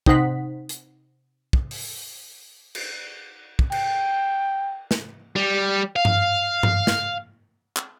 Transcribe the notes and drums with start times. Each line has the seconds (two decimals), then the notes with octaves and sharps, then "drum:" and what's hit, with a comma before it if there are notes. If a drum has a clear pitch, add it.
0.06 C3 D#4 C5 F#5 B6, drum: kick
0.69 drum: hi-hat
1.53 drum: kick
1.71 drum: open hi-hat
2.75 drum: cymbal
3.59 drum: kick
3.72 G5, drum: cymbal
4.91 drum: snare
5.36 G3
5.96 F5
6.05 drum: tom G2
6.63 drum: tom G2
6.87 drum: snare
7.77 drum: clap